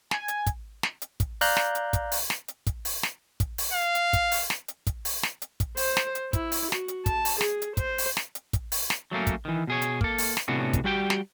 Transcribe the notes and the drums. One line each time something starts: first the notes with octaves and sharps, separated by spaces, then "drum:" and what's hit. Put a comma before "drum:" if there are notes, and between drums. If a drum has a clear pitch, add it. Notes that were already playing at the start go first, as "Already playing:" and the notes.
G#5, drum: snare
drum: hi-hat
drum: kick, hi-hat
drum: snare
drum: hi-hat
drum: kick, hi-hat
D5 F5 A#5 F#6 G6, drum: open hi-hat
drum: snare
drum: hi-hat
drum: kick, hi-hat
drum: open hi-hat
drum: snare
drum: hi-hat
drum: kick, hi-hat
drum: open hi-hat
drum: snare
drum: kick, hi-hat
drum: open hi-hat
F5
drum: hi-hat
drum: kick, hi-hat
drum: open hi-hat
drum: snare
drum: hi-hat
drum: kick, hi-hat
drum: open hi-hat
drum: snare
drum: hi-hat
drum: kick, hi-hat
C5, drum: open hi-hat
drum: snare
drum: hi-hat
E4, drum: kick, hi-hat
drum: open hi-hat
F#4, drum: snare
drum: hi-hat
A5, drum: kick, hi-hat
drum: open hi-hat
G#4, drum: snare
drum: hi-hat
C5, drum: kick, hi-hat
drum: open hi-hat
drum: snare
drum: hi-hat
drum: kick, hi-hat
drum: open hi-hat
drum: snare
F#3 A3 A#3 C#4
drum: kick, hi-hat
D#3 E3
B2 G#4 C#5
drum: hi-hat
A#3 A4, drum: kick
drum: open hi-hat
drum: snare
A2 C3 B3 C#4 D4 F#4
drum: kick, hi-hat
G3 F#4 G4 G5
drum: snare